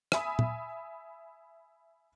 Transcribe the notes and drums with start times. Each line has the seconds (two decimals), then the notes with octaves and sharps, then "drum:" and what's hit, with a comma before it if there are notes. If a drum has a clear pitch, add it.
0.12 E5 G#5 B5 D#6, drum: rim click
0.39 drum: tom A#2